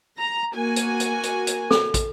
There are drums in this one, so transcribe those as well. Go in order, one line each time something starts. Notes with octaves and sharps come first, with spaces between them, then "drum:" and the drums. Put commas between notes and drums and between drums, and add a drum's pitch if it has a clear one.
A#5
A#3 F#4 G#5
drum: hi-hat
drum: hi-hat
drum: hi-hat
drum: hi-hat
A4, drum: snare
drum: kick, hi-hat